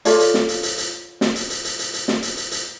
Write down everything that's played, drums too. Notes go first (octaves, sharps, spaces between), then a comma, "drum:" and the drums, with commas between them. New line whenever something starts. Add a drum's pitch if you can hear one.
F4 A4 C#5 D5, drum: hi-hat
drum: hi-hat
drum: snare
drum: hi-hat
drum: hi-hat
drum: hi-hat
drum: snare
drum: hi-hat
drum: hi-hat
drum: hi-hat
drum: hi-hat
drum: hi-hat
drum: snare
drum: hi-hat
drum: hi-hat
drum: hi-hat